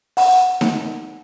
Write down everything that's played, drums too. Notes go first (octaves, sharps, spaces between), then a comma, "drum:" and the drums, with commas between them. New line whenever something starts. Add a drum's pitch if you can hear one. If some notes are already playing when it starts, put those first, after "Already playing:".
F#5, drum: open hi-hat
drum: snare D#4